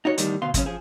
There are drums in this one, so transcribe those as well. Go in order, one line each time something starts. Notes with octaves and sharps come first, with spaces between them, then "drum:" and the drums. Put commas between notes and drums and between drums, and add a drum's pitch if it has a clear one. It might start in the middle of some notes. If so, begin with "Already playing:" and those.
D#4 F#4 C#5
E2 A2 D#3 G3, drum: hi-hat
D2 B2 F5 C6
F#2 C#3 C#4, drum: kick, hi-hat
F3 G#4